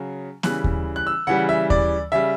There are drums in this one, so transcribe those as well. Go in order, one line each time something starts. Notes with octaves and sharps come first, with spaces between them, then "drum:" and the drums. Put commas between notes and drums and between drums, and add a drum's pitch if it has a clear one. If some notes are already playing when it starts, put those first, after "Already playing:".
Already playing: C#3 F#3
C#3 E3 G3 F#6, drum: snare B3
drum: kick D#2
F#6
E6
C#3 E3 G3 F#5
E5
D5, drum: kick D#2
C#3 G3 E5